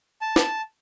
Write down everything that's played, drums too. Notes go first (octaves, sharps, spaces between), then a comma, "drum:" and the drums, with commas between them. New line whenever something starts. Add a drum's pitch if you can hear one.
A5
drum: snare